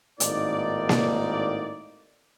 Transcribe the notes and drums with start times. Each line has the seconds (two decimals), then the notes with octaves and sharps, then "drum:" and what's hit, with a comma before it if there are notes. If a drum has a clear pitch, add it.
0.20 G#1 A2 A#3 D#4 D5, drum: hi-hat
0.89 drum: snare A#3